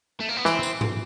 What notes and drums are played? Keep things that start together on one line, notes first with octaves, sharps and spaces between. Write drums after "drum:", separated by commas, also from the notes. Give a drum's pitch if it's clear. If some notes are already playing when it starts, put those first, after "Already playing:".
A3
A#3
B3
E3 C4, drum: snare
drum: tambourine
drum: tom G#2